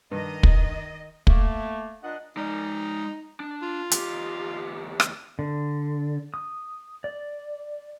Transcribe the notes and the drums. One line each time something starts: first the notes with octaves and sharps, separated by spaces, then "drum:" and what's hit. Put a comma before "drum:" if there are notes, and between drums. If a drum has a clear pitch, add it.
G2 D#3 D#5
drum: kick
A3 A#3, drum: kick
A#2 D4 D#5 F#5
G#3 D#4 D5
D4
F4
E2 G4, drum: hi-hat
drum: rim click
D3
D#6
D5